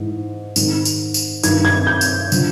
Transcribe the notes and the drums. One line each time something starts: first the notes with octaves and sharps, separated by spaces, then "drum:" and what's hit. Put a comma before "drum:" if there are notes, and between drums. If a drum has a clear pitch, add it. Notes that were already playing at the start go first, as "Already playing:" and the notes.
Already playing: G#2 E3
G#2 D#3, drum: tambourine
drum: tambourine
drum: tambourine
G2 D#3 G#6, drum: tambourine
G#6
G6
drum: tambourine
D3 F3, drum: tambourine